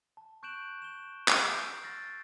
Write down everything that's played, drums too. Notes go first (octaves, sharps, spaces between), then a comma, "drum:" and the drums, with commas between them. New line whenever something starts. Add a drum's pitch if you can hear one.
A5
C#6 F#6 G6 D7 E7 F#7
E7 G7
E6 F6 G6 C7 D7 D#7, drum: clap
E6 F6 A6 A#6